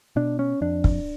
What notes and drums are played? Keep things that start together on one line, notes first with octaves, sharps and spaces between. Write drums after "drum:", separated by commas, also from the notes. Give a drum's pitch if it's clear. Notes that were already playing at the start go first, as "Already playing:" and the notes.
B2 D4
C#4
F2 D4
drum: kick